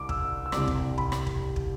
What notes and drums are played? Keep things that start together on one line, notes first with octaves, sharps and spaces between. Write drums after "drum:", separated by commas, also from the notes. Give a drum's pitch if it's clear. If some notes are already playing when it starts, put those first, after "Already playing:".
Already playing: C2 D6
E6, drum: kick
E6
C2 C3 G3 D6, drum: rim click
drum: kick
B5, drum: kick
drum: rim click
drum: kick
drum: kick